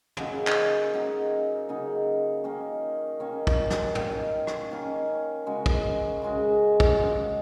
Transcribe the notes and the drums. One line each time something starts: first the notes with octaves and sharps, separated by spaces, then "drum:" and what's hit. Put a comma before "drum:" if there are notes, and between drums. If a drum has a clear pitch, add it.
C#3 F#3 A#3 D#4, drum: tom
drum: clap
C#3 F#3 A#3 D#4
C#3 F#3 A#3 D#4
D#3 A#3 C#4
D#3 A#3 C#4
drum: kick
drum: snare
D#3 A#3 C#4, drum: tom
drum: rim click
D#3 A#3 C#4
C#3 G#3 F#4
drum: kick
C#3 G#3 F#4
drum: kick
C#3 G#3 F#4